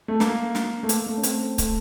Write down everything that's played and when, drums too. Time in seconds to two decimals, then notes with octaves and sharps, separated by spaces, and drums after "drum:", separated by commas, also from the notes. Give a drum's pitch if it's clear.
0.08 A3
0.20 A#3, drum: snare
0.55 drum: snare
0.83 A3
0.89 A#3, drum: hi-hat
1.06 A3
1.17 C#4
1.23 A3 C4, drum: hi-hat
1.58 A3, drum: kick, hi-hat